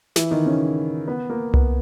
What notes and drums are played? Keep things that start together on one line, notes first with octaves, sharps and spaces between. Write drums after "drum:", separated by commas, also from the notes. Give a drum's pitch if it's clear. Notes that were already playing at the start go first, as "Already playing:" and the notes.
E3 E4, drum: snare
D#3 D#4
C#3 C#4
B3
A#3
B3, drum: tom C2